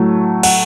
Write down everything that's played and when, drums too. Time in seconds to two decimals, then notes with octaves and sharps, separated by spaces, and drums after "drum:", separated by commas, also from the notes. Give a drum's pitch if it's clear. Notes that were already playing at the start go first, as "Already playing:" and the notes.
Already playing: A2 F#3 A3
0.43 F#5, drum: cymbal